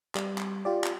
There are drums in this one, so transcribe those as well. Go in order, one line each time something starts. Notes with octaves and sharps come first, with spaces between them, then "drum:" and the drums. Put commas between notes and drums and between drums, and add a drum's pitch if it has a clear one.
G3, drum: clap
drum: clap
F4 G4 D5
drum: clap